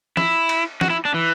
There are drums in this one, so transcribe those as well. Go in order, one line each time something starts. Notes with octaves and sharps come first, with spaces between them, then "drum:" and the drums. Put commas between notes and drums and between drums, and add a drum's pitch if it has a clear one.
E4, drum: snare
drum: cymbal
F#4, drum: snare
E4
D4
E3